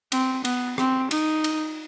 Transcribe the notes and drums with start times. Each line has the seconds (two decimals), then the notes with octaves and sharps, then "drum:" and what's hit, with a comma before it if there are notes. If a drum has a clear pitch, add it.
0.12 C4, drum: cymbal
0.45 B3, drum: cymbal
0.78 C4, drum: rim click
1.11 D#4, drum: cymbal
1.44 drum: cymbal